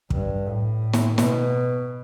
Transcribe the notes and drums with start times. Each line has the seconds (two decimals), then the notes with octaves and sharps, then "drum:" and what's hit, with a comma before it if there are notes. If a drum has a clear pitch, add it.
0.10 G2, drum: kick
0.46 A2
0.93 drum: snare
1.18 B2, drum: snare